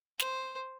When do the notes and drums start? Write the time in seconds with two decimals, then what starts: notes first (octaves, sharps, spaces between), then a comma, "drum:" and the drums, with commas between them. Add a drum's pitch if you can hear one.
0.19 C5, drum: snare